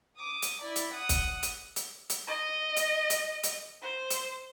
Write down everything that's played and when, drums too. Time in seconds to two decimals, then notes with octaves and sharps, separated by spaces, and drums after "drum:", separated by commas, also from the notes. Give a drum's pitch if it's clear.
0.16 D6 D#6
0.42 drum: hi-hat
0.61 E4 D5
0.76 drum: hi-hat
0.93 F#5 D#6
1.09 drum: kick, hi-hat
1.43 drum: hi-hat
1.76 drum: hi-hat
2.10 drum: hi-hat
2.28 D#5
2.77 drum: hi-hat
3.10 drum: hi-hat
3.44 drum: hi-hat
3.82 C5
4.10 drum: hi-hat